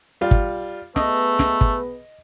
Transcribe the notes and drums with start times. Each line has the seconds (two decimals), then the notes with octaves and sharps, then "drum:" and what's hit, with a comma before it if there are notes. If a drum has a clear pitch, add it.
0.21 G3 F4
0.31 drum: kick
0.96 A3 B3 G#4 B4 D#5, drum: snare
1.39 drum: snare
1.61 drum: kick